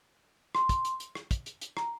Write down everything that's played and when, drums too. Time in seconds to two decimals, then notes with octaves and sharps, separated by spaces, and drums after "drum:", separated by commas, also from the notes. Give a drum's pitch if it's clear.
0.55 C6, drum: rim click
0.69 drum: kick, hi-hat
0.85 drum: hi-hat
1.00 drum: hi-hat
1.15 drum: rim click
1.31 drum: kick, hi-hat
1.46 drum: hi-hat
1.61 drum: hi-hat
1.77 A#5, drum: rim click